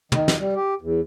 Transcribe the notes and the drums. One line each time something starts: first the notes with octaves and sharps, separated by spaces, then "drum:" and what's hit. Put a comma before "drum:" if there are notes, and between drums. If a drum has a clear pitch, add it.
D#3, drum: tom
drum: snare
G3
G4
E2